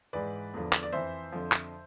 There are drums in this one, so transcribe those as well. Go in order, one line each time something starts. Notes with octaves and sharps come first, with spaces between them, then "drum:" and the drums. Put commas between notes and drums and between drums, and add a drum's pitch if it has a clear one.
G#2 E3 B4 D5
E2 D3 F3
drum: clap
D5
F2 E3 C5 E5
F2 D3 F3
drum: clap